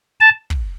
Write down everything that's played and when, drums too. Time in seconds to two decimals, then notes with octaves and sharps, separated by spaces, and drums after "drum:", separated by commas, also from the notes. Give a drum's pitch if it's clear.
0.21 A5
0.50 drum: kick